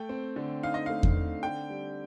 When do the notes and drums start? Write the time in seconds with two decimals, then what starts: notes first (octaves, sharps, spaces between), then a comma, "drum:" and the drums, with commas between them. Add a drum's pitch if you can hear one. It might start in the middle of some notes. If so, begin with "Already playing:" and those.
Already playing: A3 G5
0.09 C4
0.36 D3
0.63 D#4 F5
0.74 D#5
0.86 A3 F5
1.03 drum: kick E2
1.16 C4
1.43 D3 G5
1.70 G3